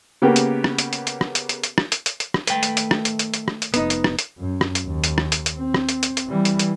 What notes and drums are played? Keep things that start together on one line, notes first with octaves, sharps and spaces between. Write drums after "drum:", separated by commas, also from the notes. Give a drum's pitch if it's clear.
C#3 A#3 B3 G4
drum: hi-hat
drum: rim click
drum: hi-hat
drum: hi-hat
drum: hi-hat
drum: rim click
drum: hi-hat
drum: hi-hat
drum: hi-hat
drum: rim click
drum: hi-hat
drum: hi-hat
drum: hi-hat
drum: rim click
D#3 A3 B4 G5, drum: hi-hat
drum: hi-hat
drum: hi-hat
drum: rim click
drum: hi-hat
drum: hi-hat
drum: hi-hat
drum: rim click
drum: hi-hat
F1 B3 D#4, drum: hi-hat
drum: hi-hat
drum: rim click
drum: hi-hat
F#2
drum: rim click
drum: hi-hat
D#2
drum: hi-hat
drum: rim click
drum: hi-hat
drum: hi-hat
C4
drum: rim click
drum: hi-hat
drum: hi-hat
drum: hi-hat
E3 G3
drum: hi-hat
drum: hi-hat